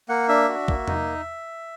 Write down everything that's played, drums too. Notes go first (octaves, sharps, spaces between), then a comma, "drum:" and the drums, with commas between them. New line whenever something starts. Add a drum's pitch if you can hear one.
A#3 F#5
D4 E5
F#4
A#3, drum: kick
D#4, drum: tom E2